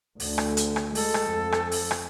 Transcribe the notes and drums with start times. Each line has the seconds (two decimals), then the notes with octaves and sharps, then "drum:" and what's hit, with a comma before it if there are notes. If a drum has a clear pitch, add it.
0.20 D2 D3, drum: open hi-hat
0.38 drum: rim click
0.57 drum: hi-hat
0.76 drum: rim click
0.95 G#3 A4, drum: open hi-hat
1.14 drum: rim click
1.26 F2
1.52 drum: rim click
1.72 drum: open hi-hat
1.91 drum: rim click